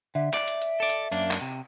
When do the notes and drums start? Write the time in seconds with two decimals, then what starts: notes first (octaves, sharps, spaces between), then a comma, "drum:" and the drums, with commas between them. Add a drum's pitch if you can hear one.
0.15 D3 E5
0.34 D5, drum: clap
0.48 drum: hi-hat
0.62 drum: hi-hat
0.80 A4 D5
0.89 drum: hi-hat
1.11 F#2 A#3 D4
1.31 drum: clap
1.41 C3